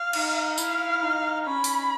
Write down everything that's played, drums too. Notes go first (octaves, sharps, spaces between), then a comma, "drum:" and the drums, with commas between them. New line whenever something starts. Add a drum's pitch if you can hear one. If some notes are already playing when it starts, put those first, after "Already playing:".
Already playing: F5
D#4, drum: cymbal
E4 F5, drum: tambourine
D#4
C#4 B5
drum: open hi-hat